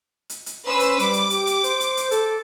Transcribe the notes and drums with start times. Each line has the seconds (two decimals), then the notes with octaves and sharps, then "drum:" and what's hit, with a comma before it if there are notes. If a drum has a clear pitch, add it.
0.29 drum: hi-hat
0.46 drum: hi-hat
0.66 C#4 B4 C5 E6
0.80 drum: hi-hat
0.99 G3 D6, drum: hi-hat
1.13 drum: hi-hat
1.30 G4, drum: hi-hat
1.47 drum: hi-hat
1.63 C5, drum: hi-hat
1.80 drum: hi-hat
1.97 drum: hi-hat
2.11 A4, drum: hi-hat